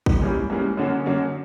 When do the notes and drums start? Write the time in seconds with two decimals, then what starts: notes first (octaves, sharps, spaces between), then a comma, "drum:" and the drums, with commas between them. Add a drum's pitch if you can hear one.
0.06 drum: kick
0.22 G#2 E3 G3 A#3 C#4
0.50 G#2 E3 G3 A#3 C#4
0.77 F#2 D3 F#3 A#3 C#4
1.06 F#2 D3 F#3 A#3 C#4